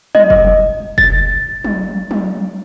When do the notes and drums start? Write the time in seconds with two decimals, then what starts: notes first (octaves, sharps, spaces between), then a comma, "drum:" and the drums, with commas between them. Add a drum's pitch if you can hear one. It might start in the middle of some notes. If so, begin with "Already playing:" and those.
0.15 D#5, drum: tom F#3
0.30 drum: kick F1
0.98 A6, drum: kick F1
1.64 drum: tom F#3
2.11 drum: tom F#3